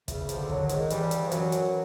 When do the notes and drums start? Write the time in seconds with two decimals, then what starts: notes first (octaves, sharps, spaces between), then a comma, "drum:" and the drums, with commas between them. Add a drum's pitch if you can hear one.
0.08 E2 C#3 E3, drum: kick, hi-hat
0.29 F2 F3, drum: hi-hat
0.36 D3
0.49 F#2 F#3, drum: kick
0.63 D#3
0.69 G#2 G#3, drum: hi-hat
0.90 G2 E3 G3, drum: hi-hat
1.11 drum: hi-hat
1.27 F3
1.32 F#2 E3 F#3, drum: hi-hat
1.52 drum: hi-hat